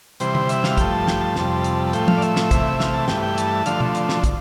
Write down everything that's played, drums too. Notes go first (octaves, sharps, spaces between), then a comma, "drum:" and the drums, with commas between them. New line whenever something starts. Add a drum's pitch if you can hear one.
C3 E3 G3 C5, drum: hi-hat
drum: tom D3
E5, drum: hi-hat
F5, drum: snare
G2 F3 A3 G5, drum: kick, hi-hat
A5
G5, drum: snare
A5
F2 C3 G3, drum: snare
drum: hi-hat
A5
A2 F3 A3 G5, drum: hi-hat
F5, drum: tom F3
D5
E5, drum: hi-hat
drum: snare
C3 E3 A3, drum: kick, hi-hat
F5, drum: snare
A5
G2 E3 A3 G5, drum: snare
G5
A5, drum: hi-hat
D3 F3 A3 F5, drum: hi-hat
drum: tom B2
drum: hi-hat
drum: snare
drum: kick, hi-hat